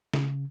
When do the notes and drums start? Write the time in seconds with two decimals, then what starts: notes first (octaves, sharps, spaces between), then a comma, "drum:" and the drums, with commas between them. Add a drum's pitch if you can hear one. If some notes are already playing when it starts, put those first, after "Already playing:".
0.14 C#3, drum: snare